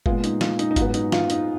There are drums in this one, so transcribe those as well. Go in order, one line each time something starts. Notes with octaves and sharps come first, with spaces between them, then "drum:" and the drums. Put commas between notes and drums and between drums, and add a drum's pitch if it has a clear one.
A#2 G#3 B3 F4, drum: kick F#1
D#4, drum: hi-hat
F4, drum: snare
D#4, drum: hi-hat
D#4
G#2 F#3 B3 F4, drum: kick F#1, hi-hat
D#4, drum: hi-hat
F4, drum: snare
D#4, drum: hi-hat